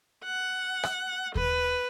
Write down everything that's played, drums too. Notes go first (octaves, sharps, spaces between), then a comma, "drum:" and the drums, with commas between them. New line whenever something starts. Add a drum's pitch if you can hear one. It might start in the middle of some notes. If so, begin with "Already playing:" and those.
F#5
drum: rim click
B4, drum: kick D#2